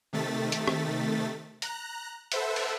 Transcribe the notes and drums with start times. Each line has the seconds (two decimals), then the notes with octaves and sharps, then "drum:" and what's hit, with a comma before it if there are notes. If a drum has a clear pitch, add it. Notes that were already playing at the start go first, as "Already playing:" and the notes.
0.13 C3 D#3 A3 A6 B6
0.52 drum: hi-hat
0.68 drum: rim click
1.62 A#5 F#6, drum: hi-hat
2.32 A4 B4 C5 E5 F#5, drum: hi-hat
2.56 drum: cymbal